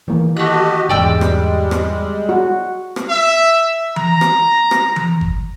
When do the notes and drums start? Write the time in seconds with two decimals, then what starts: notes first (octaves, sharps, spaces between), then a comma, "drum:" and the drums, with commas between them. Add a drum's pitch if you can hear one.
0.08 D#3 E3 A#3
0.37 A3 F#4 G4 D#5 F#6
0.89 E2 G#2 D3 G3 G#3 D5 G5 E6
1.21 drum: rim click
1.71 drum: rim click
2.29 F#4
2.96 drum: rim click
3.10 E5
3.96 A#5, drum: tom E3
4.21 drum: rim click
4.71 drum: rim click
4.96 drum: tom E3
5.21 drum: kick G1